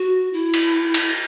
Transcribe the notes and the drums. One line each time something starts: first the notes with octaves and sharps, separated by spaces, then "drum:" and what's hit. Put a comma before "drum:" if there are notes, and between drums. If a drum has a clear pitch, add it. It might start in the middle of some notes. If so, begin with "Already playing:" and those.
Already playing: F#4
E4
drum: cymbal
drum: cymbal